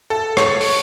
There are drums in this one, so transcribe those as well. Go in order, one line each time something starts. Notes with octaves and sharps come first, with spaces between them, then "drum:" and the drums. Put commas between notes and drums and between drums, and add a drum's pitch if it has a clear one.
A4
C#5, drum: rim click
drum: open hi-hat